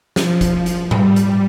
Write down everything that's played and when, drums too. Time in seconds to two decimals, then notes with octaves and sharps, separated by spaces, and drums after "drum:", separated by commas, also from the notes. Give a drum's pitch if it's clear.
0.16 F3, drum: snare
0.41 drum: kick G1, hi-hat
0.66 drum: hi-hat
0.91 G3, drum: tom G#2
1.16 drum: hi-hat